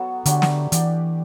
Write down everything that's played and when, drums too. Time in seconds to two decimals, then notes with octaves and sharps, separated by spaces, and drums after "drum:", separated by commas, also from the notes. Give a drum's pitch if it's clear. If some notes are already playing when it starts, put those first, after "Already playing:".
Already playing: F#3 B3 F#4 A4
0.26 D3 F#3 A3 D4 G4, drum: hi-hat
0.42 drum: snare
0.72 E3 D4 G4 D5, drum: hi-hat